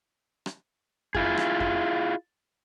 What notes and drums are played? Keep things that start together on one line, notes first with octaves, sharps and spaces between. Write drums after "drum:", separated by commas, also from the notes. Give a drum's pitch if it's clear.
drum: rim click
E4 F4 G#4, drum: kick F2
drum: rim click
drum: kick F2